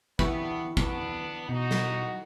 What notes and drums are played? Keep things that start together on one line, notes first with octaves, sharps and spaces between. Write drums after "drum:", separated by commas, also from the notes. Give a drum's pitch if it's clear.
E3 B3 D4 G4 B5 C#6 E6, drum: kick
B3 D4, drum: kick
B2 D#4 F#4
drum: snare